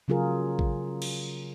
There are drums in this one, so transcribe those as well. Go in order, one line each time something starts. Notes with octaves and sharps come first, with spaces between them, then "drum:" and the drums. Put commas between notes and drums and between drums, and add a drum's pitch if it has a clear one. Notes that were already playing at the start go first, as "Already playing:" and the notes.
C#3 F#3 F4 G#4 A#4
drum: kick A1
drum: cymbal